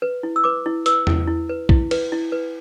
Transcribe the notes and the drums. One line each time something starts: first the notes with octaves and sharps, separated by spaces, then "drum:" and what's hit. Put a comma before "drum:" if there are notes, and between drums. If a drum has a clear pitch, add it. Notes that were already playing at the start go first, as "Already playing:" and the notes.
B4
E4
E6
B4 D6
E4
B4 E6, drum: hi-hat
E4, drum: tom E2
E4
B4
E4, drum: kick B1
B4, drum: cymbal
E4
B4